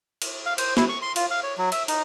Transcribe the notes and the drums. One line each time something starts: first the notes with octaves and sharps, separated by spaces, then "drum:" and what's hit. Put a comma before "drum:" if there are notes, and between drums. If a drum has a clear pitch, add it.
drum: cymbal
F5
C5, drum: cymbal
E4, drum: snare
C#6
C6
F4, drum: cymbal
F5
C#5
F#3
E5, drum: cymbal
D#4, drum: cymbal